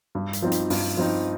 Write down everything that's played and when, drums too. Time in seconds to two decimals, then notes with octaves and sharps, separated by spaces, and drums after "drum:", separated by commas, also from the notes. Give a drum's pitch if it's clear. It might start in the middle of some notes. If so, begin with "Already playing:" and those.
0.15 G2
0.33 drum: hi-hat
0.42 F3 C4 D#4
0.52 drum: hi-hat
0.70 G2, drum: open hi-hat
0.97 F3 C4 D#4